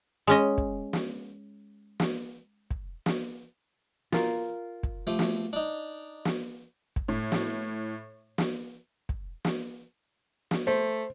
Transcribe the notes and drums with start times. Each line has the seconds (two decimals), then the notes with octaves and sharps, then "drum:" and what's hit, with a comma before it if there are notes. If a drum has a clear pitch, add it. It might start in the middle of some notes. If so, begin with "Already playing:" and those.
0.27 G#3 C#4 D#5
0.58 drum: kick
0.93 drum: snare
2.00 drum: snare
2.71 drum: kick
3.06 drum: snare
4.12 F4 A#4, drum: snare
4.83 drum: kick
5.07 F3 A3 G4
5.19 drum: snare
5.53 D4 D#4
6.25 drum: snare
6.96 drum: kick
7.08 A2
7.32 drum: snare
8.38 drum: snare
9.09 drum: kick
9.45 drum: snare
10.51 drum: snare
10.67 A3 C5